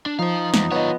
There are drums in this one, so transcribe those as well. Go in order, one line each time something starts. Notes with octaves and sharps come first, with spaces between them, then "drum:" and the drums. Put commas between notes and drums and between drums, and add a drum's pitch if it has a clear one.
D4
F3 D#4 C5 F5
E2, drum: snare
B3 F4 C#5 D#5